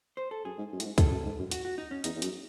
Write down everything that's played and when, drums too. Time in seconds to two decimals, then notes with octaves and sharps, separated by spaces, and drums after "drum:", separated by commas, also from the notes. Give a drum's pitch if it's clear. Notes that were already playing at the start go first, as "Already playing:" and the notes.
0.17 C5
0.31 A4
0.45 F#2 G#4
0.58 G#2
0.72 F#2
0.80 A2, drum: hi-hat
0.85 G#2
0.98 A2 A4, drum: kick, hi-hat
1.11 F#2
1.25 G#2
1.39 F#2
1.51 F#4, drum: hi-hat
1.65 F#4
1.78 D#4
1.91 C#4
2.04 E2 D#4, drum: hi-hat
2.16 E2
2.22 F#2, drum: hi-hat